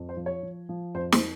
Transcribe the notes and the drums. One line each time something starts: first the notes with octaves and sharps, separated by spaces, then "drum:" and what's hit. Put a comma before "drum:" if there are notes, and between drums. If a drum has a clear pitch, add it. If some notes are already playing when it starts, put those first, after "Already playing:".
Already playing: F2
C5
F3
C#5
F3
F3
F2 C5
C5, drum: snare